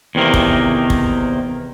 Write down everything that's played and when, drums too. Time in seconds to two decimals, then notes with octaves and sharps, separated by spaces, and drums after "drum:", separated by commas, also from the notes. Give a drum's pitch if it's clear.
0.15 E2 C3 D#3 A#3
0.34 drum: kick
0.90 drum: kick